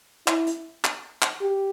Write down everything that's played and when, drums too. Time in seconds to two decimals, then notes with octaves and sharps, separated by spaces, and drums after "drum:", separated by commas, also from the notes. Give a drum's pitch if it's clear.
0.28 E4, drum: clap
0.47 drum: hi-hat
0.84 drum: clap
1.22 drum: clap
1.41 G4